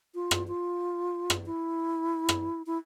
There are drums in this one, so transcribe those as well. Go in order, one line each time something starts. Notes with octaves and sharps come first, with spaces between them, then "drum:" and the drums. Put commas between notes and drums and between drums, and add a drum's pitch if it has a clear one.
F4
drum: rim click
F4
drum: rim click
E4
drum: rim click
E4